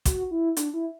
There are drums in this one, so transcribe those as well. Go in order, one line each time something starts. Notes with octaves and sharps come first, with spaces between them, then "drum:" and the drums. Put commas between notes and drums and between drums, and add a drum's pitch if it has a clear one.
F#4, drum: kick A1, hi-hat
E4
D4, drum: hi-hat
E4